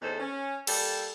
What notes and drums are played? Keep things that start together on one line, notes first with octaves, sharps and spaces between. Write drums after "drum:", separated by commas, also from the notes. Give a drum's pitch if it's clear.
E2 A2 D#4 A4 C5
C#4
G3 A#3 A4, drum: cymbal